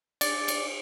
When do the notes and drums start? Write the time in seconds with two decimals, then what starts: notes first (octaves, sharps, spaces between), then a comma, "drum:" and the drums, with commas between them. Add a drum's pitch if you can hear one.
0.21 D5, drum: cymbal
0.48 drum: cymbal